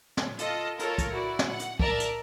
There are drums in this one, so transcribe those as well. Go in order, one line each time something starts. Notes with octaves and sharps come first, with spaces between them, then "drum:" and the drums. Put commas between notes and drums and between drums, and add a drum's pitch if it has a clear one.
drum: snare
F4 A4 D#5, drum: hi-hat
F4 A4 A#4 C#5, drum: hi-hat
drum: kick, hi-hat
E4 F#4 D5
drum: snare
F#5
drum: hi-hat
A#4 D5 E5 A5 A#5, drum: kick
drum: hi-hat